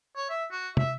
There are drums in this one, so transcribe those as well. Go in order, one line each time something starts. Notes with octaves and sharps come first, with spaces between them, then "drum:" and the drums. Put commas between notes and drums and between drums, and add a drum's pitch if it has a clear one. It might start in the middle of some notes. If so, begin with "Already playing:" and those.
C#5
E5
F#4
E5, drum: tom